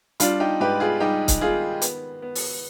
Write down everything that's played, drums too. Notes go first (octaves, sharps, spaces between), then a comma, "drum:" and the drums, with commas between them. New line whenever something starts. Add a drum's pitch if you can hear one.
G3 D4 F4, drum: hi-hat
D#4 G4
G#2 G4 B4
F4 G#4
G3 D#4 G4
drum: kick C#1, hi-hat
D#3 F4 G#4
B3, drum: hi-hat
B3
drum: open hi-hat